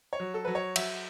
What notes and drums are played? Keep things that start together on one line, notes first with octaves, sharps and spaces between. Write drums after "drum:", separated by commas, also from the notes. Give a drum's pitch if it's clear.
C#5
F#3
A4
F#3 B4
C#5
F#3 E5, drum: cymbal